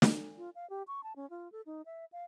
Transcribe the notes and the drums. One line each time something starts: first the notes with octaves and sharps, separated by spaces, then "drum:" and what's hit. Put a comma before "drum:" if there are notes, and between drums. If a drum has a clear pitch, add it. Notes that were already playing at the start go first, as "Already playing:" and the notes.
drum: snare
F4
F5
G4
C#6
A5
C#4
F4
A4
D#4
E5
F5